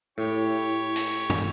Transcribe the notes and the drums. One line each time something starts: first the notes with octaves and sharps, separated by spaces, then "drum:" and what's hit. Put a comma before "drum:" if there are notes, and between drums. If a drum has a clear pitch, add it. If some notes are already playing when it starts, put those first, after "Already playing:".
A2 E4 G4 C#5 C#6
drum: hi-hat
drum: tom